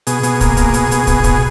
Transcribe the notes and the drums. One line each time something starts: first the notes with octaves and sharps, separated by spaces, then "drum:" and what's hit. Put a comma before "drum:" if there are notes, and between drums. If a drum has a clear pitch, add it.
B2 G#4, drum: hi-hat
B2, drum: hi-hat
A#3, drum: kick, hi-hat
B2, drum: kick, hi-hat
B2, drum: hi-hat
B2, drum: hi-hat
B2, drum: kick, hi-hat
B2, drum: kick, hi-hat